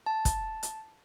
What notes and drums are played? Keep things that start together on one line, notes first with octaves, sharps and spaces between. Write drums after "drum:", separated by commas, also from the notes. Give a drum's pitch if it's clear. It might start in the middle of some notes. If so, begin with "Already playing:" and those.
A5
drum: kick, hi-hat
drum: hi-hat